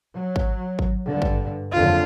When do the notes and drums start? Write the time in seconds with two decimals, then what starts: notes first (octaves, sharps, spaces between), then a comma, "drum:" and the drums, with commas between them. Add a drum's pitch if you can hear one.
0.14 F#3
0.36 drum: kick G#1
0.79 drum: kick G#1
1.08 G2 D3
1.22 drum: kick G#1
1.73 F#1 F2 D3 F4